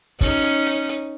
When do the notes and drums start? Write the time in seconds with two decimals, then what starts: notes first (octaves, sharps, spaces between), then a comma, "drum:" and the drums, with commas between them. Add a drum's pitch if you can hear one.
0.21 C#4 D#4, drum: kick, open hi-hat
0.43 drum: hi-hat
0.66 drum: hi-hat
0.89 drum: hi-hat